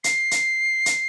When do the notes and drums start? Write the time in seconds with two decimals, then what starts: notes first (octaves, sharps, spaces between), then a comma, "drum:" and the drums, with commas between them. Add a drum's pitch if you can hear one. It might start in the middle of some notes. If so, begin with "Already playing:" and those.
0.04 C7, drum: hi-hat
0.31 drum: hi-hat
0.86 drum: hi-hat